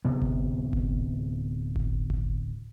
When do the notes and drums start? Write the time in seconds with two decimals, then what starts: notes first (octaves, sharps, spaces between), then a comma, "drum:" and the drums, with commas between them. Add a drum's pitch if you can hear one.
0.05 D1 C3 B3
0.22 drum: kick G1
0.73 drum: kick G1
1.76 drum: kick G1
2.10 drum: kick G1